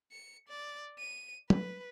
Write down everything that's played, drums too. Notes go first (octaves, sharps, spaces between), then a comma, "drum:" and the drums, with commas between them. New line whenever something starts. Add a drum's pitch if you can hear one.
C#7
D5
D#7
B4, drum: tom